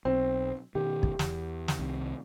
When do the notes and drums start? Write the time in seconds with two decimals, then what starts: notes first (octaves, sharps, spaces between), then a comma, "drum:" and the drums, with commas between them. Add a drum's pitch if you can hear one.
0.05 B1 C4
0.75 B2 D#3 G4
1.03 drum: kick
1.19 E2, drum: snare
1.68 drum: snare
1.79 C2 C3 D#3